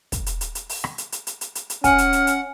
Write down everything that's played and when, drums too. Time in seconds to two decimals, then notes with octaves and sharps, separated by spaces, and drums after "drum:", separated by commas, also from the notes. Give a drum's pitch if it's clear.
0.12 drum: kick, hi-hat
0.26 drum: hi-hat
0.41 drum: hi-hat
0.55 drum: hi-hat
0.69 drum: open hi-hat
0.84 drum: rim click
0.98 drum: hi-hat
1.12 drum: hi-hat
1.27 drum: hi-hat
1.41 drum: hi-hat
1.55 drum: hi-hat
1.70 drum: hi-hat
1.84 C#4 F#5 G#5 F6, drum: kick, hi-hat
1.98 drum: hi-hat
2.13 drum: hi-hat
2.27 drum: hi-hat